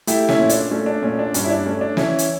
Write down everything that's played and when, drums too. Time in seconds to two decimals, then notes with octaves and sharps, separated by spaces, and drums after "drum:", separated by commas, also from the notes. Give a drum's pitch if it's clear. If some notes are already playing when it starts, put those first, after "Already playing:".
0.07 A3 E4 G4, drum: hi-hat
0.29 C#4 E4, drum: snare
0.39 A#2
0.49 D4, drum: hi-hat
0.71 A3 C#4
0.86 D4
1.02 A#2 C#4
1.19 D4
1.34 G2 C#4, drum: hi-hat
1.45 E4
1.50 D4
1.66 A3 C#4
1.81 D4
1.97 E3 C#4 E4, drum: snare
2.19 drum: hi-hat